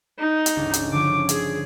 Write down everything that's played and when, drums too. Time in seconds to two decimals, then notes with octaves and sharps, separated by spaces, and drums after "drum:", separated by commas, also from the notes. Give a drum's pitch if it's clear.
0.19 D#4
0.46 drum: hi-hat
0.56 G1 C#2 D4
0.73 drum: hi-hat
0.92 D3 F3 C#4 D6
1.29 G#4, drum: hi-hat